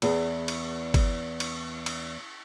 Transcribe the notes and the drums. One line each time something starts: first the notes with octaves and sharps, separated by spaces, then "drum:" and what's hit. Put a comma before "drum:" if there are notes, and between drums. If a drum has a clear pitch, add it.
E2 B3 G#4, drum: cymbal
drum: cymbal
drum: kick G1, cymbal
drum: cymbal
drum: cymbal